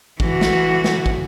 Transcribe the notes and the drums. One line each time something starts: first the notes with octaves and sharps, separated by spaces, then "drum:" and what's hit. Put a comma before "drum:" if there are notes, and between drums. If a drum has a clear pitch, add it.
E3 F#4, drum: kick
drum: snare
drum: snare
drum: kick